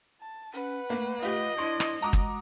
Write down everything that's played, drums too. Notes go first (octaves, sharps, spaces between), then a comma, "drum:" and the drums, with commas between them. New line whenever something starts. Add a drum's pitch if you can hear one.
A5
C#4 B4 F#5
A3 A#3
A3 F4 G4 D#5, drum: hi-hat
D4 E4 C5 C6
drum: rim click
G#3 F#4 A#5 D6 D#6
drum: kick